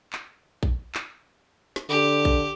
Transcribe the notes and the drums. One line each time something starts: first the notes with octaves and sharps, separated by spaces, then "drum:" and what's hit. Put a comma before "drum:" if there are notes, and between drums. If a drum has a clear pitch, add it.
drum: clap
drum: kick A#1
drum: clap
drum: snare
D3 G4
drum: kick A#1